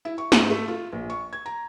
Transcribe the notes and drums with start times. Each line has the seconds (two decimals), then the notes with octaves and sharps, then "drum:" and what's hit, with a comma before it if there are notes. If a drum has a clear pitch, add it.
0.05 E4
0.18 C#6
0.32 G#2, drum: snare
0.50 A3
0.68 F4
0.93 A#1
1.10 C#6
1.33 G#6
1.46 A#5